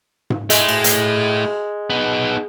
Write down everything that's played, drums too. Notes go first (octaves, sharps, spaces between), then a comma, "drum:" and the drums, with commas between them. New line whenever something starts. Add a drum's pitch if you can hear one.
drum: tom G#2
G#3 A3 E4, drum: hi-hat
drum: cymbal
drum: hi-hat
B3 D#4